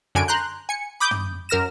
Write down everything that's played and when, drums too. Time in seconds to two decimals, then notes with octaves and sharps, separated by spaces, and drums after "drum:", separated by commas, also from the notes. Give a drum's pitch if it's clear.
0.15 F#2 D3 G#5 D7
0.28 A#5 C6 F#6 G6
0.69 G#5 C#7
1.00 B5 D6 D#6 G6
1.11 drum: tom
1.49 F#2 A#4 F6 A#6 E7